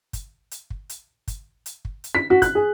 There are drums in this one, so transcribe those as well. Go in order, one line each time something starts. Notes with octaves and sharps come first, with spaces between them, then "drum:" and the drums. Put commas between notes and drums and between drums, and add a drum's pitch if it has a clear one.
drum: kick, hi-hat
drum: hi-hat
drum: kick
drum: hi-hat
drum: kick, hi-hat
drum: hi-hat
drum: kick
drum: hi-hat
B6
F#4
F#6, drum: kick, hi-hat
G#4